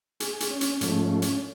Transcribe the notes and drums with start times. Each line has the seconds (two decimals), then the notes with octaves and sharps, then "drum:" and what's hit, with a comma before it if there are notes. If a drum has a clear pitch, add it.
0.20 G#4, drum: hi-hat
0.40 drum: hi-hat
0.50 C#4
0.61 drum: hi-hat
0.81 G#2 F3 A3 C#4, drum: hi-hat
1.22 drum: hi-hat